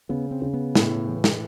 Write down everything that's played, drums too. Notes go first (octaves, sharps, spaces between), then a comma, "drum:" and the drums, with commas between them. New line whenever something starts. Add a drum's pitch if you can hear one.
C#3 B3
C4
C#3
B3
A2, drum: snare
E3
drum: snare